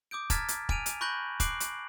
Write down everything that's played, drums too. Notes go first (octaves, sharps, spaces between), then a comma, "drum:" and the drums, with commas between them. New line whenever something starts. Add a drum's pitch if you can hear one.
D6 D#6 G6 D7
A5 A#5 F6 G#6 A6 B6, drum: kick E1, hi-hat
drum: hi-hat
G#5 F6 D7 D#7 F7, drum: kick E1
drum: hi-hat
B5 C#6 F#6 G6 A#6 F#7
D6 F#6 C7 D7 F#7, drum: kick E1, hi-hat
drum: hi-hat